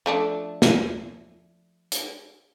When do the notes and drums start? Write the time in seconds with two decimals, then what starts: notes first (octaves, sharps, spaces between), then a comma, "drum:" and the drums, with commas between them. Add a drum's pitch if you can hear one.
0.06 F3 A3 D4
0.62 drum: snare
1.92 drum: hi-hat